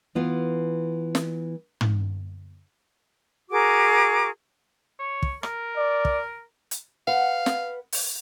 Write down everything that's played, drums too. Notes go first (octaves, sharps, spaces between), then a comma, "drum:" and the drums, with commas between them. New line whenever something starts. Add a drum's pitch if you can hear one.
E3 B3 F4
drum: snare
drum: tom
F#4 G#4 A#4 D6
C#5
drum: kick
A#4, drum: rim click
D5
drum: kick
drum: hi-hat
B4 F5 F#5
drum: snare
drum: open hi-hat